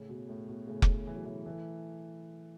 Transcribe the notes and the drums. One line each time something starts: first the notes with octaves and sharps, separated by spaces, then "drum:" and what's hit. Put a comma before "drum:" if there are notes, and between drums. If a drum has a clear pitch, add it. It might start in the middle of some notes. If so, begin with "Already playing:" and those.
Already playing: A2 C#3
B2
A2
B2
A2 C#3
drum: kick F1
E3
F#3
B2 E3
E3 A3